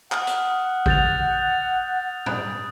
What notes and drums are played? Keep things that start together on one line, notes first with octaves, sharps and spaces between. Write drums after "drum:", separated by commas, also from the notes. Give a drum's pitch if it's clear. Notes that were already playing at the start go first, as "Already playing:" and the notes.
F#5 D#6 F6, drum: clap
drum: hi-hat
G6 A6 F7, drum: kick G#1
D#6 F#6, drum: tom G#2